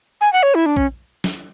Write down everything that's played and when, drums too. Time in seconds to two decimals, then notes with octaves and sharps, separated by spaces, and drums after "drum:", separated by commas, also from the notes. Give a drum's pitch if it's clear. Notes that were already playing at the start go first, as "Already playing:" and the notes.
0.21 G#5
0.33 F#5
0.43 C#5
0.55 E4
0.66 D4
0.76 C#4, drum: kick
1.24 drum: snare